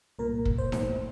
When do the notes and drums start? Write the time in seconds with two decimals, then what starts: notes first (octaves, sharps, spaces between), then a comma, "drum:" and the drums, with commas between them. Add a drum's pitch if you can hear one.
0.19 C2 A#2 A#4
0.45 drum: kick
0.58 C5
0.72 drum: snare D#4